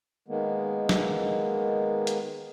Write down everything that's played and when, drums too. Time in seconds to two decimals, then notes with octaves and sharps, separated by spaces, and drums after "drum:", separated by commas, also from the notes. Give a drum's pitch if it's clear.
0.28 D#3 G#3 A#3 B3
0.89 drum: snare
2.07 drum: hi-hat